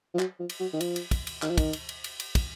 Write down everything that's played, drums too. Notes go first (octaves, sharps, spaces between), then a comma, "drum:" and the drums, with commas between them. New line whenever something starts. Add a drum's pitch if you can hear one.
F3
F#3, drum: clap
F3
drum: cymbal
F#3
D#3
F3, drum: cymbal
drum: cymbal
drum: kick, cymbal
drum: cymbal
D#3, drum: clap
F3
D#3, drum: kick, cymbal
drum: cymbal
drum: cymbal
drum: cymbal
drum: cymbal
drum: kick, cymbal